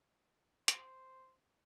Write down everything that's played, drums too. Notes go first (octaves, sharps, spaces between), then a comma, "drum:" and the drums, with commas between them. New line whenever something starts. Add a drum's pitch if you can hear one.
C5, drum: hi-hat